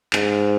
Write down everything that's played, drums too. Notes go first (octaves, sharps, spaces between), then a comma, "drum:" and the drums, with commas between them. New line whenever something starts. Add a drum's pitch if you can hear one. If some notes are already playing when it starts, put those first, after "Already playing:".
G#2, drum: clap